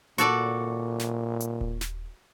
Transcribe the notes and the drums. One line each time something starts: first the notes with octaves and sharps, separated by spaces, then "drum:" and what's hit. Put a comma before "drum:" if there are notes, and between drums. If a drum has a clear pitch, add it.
A#2 F#4 A4 D5, drum: hi-hat
drum: snare
drum: hi-hat
drum: kick D#1
drum: snare